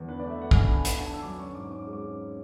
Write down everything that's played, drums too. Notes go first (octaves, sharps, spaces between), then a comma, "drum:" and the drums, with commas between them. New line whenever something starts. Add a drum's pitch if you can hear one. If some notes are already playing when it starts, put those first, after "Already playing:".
Already playing: E2
D3 B4
D5
A3
E5
D3 F#5
G#5, drum: kick
D3
B5
D3 G#5
F#5, drum: hi-hat
D3
G#5
D3 A5
E6
F#3 D6
C#4 C#6
G#2 D6
C#4 D6
D6
G#3
D6
C#4